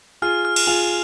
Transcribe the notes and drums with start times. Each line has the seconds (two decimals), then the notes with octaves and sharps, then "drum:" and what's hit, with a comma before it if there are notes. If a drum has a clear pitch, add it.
0.22 F4 G#4 F6
0.45 F6
0.56 drum: cymbal
0.67 F4 G#4 F7